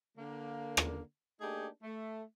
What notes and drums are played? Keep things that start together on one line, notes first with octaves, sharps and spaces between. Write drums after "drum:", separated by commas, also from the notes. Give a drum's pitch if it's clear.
D3 A#3
drum: rim click
A3 A#3 D4 D#4 G4 G#4
A3